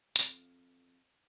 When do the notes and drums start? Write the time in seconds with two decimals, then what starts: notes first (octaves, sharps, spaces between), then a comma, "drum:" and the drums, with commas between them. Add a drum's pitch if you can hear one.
0.16 F2, drum: hi-hat